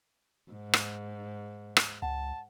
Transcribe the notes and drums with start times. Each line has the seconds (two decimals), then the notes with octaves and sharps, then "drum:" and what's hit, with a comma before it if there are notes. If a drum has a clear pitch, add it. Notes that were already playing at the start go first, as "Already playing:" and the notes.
0.52 G#2
0.73 drum: rim click
1.77 drum: rim click
2.02 C#2 F#5 A5